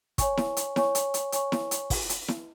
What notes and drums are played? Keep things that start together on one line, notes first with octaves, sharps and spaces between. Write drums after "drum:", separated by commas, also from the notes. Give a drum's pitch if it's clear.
C#5 G#5 C#6, drum: kick, hi-hat
drum: snare E4
drum: hi-hat
C#5 G#5 C#6, drum: snare E4
drum: hi-hat
drum: hi-hat
C#5 G#5 C#6, drum: hi-hat
drum: snare E4
drum: hi-hat
drum: kick, open hi-hat
drum: hi-hat
drum: snare E4